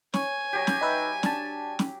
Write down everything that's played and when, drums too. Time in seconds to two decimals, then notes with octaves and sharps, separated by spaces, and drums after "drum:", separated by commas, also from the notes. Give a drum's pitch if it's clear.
0.14 C#5 G#5, drum: snare
0.53 F#3 G4
0.67 drum: snare
0.81 D#4 B4 E5
1.23 D4 A5, drum: snare
1.79 drum: snare